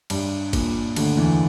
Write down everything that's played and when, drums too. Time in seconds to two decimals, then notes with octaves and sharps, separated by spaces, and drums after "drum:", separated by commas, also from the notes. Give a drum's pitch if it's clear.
0.10 G2 G3, drum: cymbal
0.53 A#2, drum: kick, cymbal
0.96 D2 D3, drum: cymbal
1.17 E2 E3